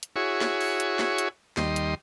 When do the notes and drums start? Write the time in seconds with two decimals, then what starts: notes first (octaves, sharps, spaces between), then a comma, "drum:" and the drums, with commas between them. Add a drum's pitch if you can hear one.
0.03 drum: hi-hat
0.16 E4 F#4 G#4 C#5
0.41 drum: snare
0.61 drum: open hi-hat
0.80 drum: hi-hat
0.99 drum: snare
1.18 drum: hi-hat
1.57 D#2 G3 D#5 C6, drum: snare
1.76 drum: hi-hat